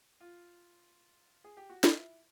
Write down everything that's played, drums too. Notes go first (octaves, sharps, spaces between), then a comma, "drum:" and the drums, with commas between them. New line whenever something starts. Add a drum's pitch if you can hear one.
F4
G#4
G4
F#4
F4, drum: snare
E4